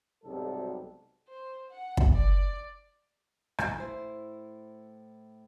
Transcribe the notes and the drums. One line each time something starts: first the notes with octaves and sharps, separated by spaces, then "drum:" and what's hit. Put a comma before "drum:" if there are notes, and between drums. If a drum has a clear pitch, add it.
B1 G#2 C3 F#3 G3 A4
C5
F#5
drum: kick
D5
drum: rim click
A2 E4 C5